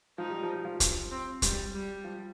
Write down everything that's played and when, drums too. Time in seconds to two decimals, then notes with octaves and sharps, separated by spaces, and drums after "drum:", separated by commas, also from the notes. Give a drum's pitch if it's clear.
0.18 F3 D#4
0.30 G3
0.43 F3
0.65 F3
0.80 drum: kick, hi-hat
1.11 C4
1.42 G3, drum: kick, hi-hat
1.73 G3
2.04 F3